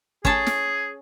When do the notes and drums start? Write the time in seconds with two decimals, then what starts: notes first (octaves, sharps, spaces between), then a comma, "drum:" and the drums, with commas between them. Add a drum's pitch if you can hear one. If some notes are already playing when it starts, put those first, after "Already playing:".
0.25 C#4 G#4 A5, drum: kick
0.47 drum: snare